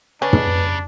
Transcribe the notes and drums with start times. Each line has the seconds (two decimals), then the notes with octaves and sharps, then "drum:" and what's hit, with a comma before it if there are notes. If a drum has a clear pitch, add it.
0.22 C#3 C#4 D4 B4
0.33 drum: tom